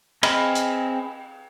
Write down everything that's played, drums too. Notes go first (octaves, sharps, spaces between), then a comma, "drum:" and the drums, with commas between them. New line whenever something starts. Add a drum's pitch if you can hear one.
C4 G#4 D#5 B5 F6, drum: cymbal
drum: hi-hat